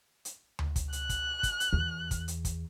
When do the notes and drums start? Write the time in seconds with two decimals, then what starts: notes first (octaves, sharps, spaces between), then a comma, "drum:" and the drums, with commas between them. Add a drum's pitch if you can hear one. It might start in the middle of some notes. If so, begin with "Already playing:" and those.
0.25 drum: hi-hat
0.59 drum: tom D2
0.76 drum: kick, hi-hat
0.93 F#6, drum: hi-hat
1.09 drum: kick, hi-hat
1.43 drum: kick, hi-hat
1.60 drum: hi-hat
1.73 E2
2.11 drum: kick, hi-hat
2.28 drum: hi-hat
2.45 drum: kick, hi-hat